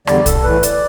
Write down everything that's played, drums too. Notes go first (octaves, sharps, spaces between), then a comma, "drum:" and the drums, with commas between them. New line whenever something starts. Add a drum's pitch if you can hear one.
E2 D3 G3 D5, drum: rim click
A4, drum: kick, hi-hat
A2 E3 A3 B4
D5, drum: hi-hat